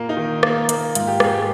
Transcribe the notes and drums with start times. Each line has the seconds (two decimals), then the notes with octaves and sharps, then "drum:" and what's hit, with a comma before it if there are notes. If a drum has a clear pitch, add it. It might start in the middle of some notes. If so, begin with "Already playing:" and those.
Already playing: A#2 A#3
0.09 D#4
0.17 D#3
0.43 A#3, drum: rim click
0.69 A#3, drum: hi-hat
0.95 G#2 F4, drum: hi-hat
1.07 G4
1.20 G#2 G#4, drum: rim click
1.33 G4